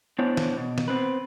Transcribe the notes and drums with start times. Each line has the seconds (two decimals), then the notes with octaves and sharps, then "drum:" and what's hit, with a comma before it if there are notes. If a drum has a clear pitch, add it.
0.19 B3 D4 E4 C5 C#5
0.37 drum: snare
0.58 B2
0.78 drum: snare
0.88 C4 B4